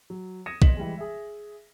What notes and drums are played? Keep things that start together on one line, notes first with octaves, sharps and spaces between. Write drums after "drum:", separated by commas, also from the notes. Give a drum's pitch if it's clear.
F#3
D#6 G#6 A#6 C#7 D#7 E7
E1 D#5 C6 B6 E7 F#7, drum: kick
E3 G3 G#3
G#4 E5